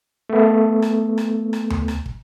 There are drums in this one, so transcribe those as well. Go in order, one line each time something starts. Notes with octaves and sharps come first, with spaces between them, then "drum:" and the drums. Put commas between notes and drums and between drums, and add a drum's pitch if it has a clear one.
A3 B3
drum: rim click
drum: rim click
drum: rim click
drum: tom D2
drum: rim click
drum: kick